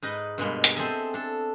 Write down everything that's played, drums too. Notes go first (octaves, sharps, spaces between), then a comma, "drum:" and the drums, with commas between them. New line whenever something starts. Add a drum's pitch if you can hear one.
G#2 D#4 B4 D#5
G2 B2 G#3 A#3
drum: hi-hat
C4 G#4 A4 D#5 E5 G#5
D4 A4